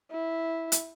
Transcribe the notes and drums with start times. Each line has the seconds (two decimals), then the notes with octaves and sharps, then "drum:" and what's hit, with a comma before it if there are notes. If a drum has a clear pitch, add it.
0.11 E4
0.72 drum: hi-hat